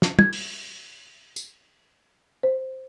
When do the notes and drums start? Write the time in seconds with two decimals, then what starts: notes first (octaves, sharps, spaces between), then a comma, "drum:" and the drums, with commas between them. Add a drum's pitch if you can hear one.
0.02 drum: snare
0.19 G#6, drum: tom
0.33 drum: open hi-hat
1.36 drum: tambourine
2.43 C5